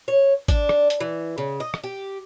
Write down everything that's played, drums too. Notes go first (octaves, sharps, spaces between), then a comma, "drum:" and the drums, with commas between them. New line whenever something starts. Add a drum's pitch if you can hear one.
C#5
D4, drum: kick G#1, hi-hat
drum: rim click
drum: hi-hat
E3
C#3
D#5
drum: rim click
G4